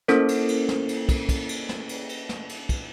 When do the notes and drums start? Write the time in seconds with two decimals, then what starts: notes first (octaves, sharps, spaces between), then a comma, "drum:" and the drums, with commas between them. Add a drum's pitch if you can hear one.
0.08 A#3 C#4 E4 A4 A#4 C5, drum: snare
0.28 drum: cymbal
0.49 drum: cymbal
0.69 drum: snare
0.89 drum: cymbal
1.09 drum: kick, cymbal
1.29 drum: kick, cymbal
1.49 drum: cymbal
1.69 drum: snare
1.89 drum: cymbal
2.09 drum: cymbal
2.29 drum: snare
2.49 drum: cymbal
2.69 drum: kick, cymbal